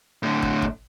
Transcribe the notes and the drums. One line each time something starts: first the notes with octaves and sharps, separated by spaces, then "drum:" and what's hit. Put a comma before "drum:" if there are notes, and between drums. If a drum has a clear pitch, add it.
A2 D3
drum: kick
drum: kick